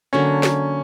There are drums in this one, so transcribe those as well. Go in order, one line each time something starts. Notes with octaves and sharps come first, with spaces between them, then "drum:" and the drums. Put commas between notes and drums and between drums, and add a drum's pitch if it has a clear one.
D3 F#3 A#3 C#4 D4
drum: snare